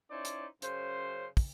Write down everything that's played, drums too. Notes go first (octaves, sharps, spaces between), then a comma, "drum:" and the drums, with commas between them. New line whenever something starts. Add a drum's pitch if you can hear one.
C#4 D#4 E4 C5 D5
drum: hi-hat
F#2 C#3 C5, drum: hi-hat
drum: kick, open hi-hat